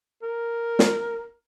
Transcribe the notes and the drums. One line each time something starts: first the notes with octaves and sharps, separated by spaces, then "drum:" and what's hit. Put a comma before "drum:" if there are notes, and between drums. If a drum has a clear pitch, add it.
A#4
drum: snare